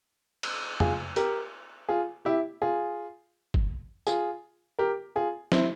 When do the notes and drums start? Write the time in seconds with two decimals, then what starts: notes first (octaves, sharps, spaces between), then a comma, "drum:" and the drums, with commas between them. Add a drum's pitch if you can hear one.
0.43 drum: cymbal
0.80 F4 G#4, drum: tom
1.16 G4 A#4, drum: hi-hat
1.89 F4 G#4
2.25 E4 G4
2.62 F4 G#4
3.54 drum: kick
4.07 F4 G#4, drum: tambourine
4.79 G4 A#4
5.16 F4 G#4
5.52 C4 E4, drum: snare